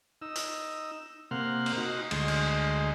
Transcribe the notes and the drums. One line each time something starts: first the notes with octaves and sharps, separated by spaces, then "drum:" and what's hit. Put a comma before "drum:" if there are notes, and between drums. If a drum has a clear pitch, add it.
D#4 E6
drum: hi-hat
C3 A#3 F5 F#5 C6
drum: cymbal
D#4 F#4
D2 G#3 D#5 C6, drum: cymbal
drum: cymbal